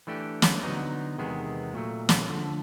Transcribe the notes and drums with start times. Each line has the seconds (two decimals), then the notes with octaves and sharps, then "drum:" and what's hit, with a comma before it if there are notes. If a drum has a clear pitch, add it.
0.07 E3 A3 D4 G4
0.42 drum: snare
0.63 D3 F#3 B3 D#4
1.18 E2 C3 D#3 G#3 B3
1.73 A#2 F#3 A3
2.09 drum: snare
2.28 D3 F3 A3